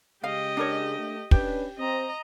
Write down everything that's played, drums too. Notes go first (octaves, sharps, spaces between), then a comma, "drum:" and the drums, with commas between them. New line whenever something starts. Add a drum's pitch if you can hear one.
C#3 G#3 G4 D#5 F5
D4 A#4 C#5
A3
C#4 D4 G4 B4, drum: kick
C4 D#5 A#5